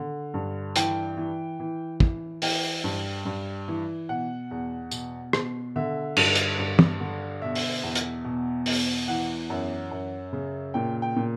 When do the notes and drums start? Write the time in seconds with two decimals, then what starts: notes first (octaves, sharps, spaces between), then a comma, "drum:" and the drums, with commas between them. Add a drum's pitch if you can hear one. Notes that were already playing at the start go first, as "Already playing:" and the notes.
Already playing: D3
0.34 G2
0.76 E3 G5, drum: hi-hat
1.17 E3
1.60 E3
2.00 E3, drum: kick
2.42 E3 G5, drum: open hi-hat
2.84 G2
3.25 G2
3.68 E3
4.09 B2 F#5
4.51 E2
4.91 B2, drum: tambourine
5.33 B2, drum: rim click
5.76 D3 E5
6.17 G2, drum: cymbal
6.35 drum: hi-hat
6.59 G2
6.79 drum: tom
7.00 D3
7.42 B2 E5
7.55 drum: open hi-hat
7.83 E2
7.95 drum: hi-hat
8.24 B2
8.66 E2, drum: open hi-hat
9.08 E3 F#5
9.50 F#2
9.91 F#2
10.33 C#3
10.74 A#2 G5
11.02 G5
11.16 A#2